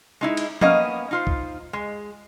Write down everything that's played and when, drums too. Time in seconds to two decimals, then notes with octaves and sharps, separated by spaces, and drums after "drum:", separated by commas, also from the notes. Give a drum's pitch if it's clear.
0.21 G#3 D#4 E4
0.37 drum: cymbal
0.61 A#3 B3 C#4 D#5 F5 G#5, drum: tom F3
1.11 D#4 F4 C5
1.27 drum: kick
1.73 G#3